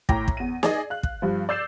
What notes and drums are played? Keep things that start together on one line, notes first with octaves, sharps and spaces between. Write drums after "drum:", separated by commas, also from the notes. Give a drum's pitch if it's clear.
A2 G5 A#5 D6 A#6, drum: kick
drum: kick
E2 D#7
G#4 D5 D#5, drum: snare
F5 F#6
drum: kick
G2 F3
D5 E6 G6 C7 E7